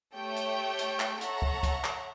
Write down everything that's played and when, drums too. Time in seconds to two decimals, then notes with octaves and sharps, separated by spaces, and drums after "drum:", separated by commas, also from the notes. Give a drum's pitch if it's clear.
0.15 A3 G4 C#5 G5 C#6 G6
0.36 drum: hi-hat
0.79 drum: hi-hat
1.00 drum: clap
1.21 A4 C#5 E5 F#5 A#5 C#6, drum: hi-hat
1.42 drum: kick
1.63 drum: kick, hi-hat
1.84 drum: clap